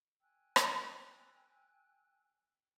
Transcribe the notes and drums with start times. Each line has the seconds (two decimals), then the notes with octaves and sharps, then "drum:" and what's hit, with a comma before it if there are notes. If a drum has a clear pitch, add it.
0.22 G5 G#5 E6 F#6
0.56 drum: rim click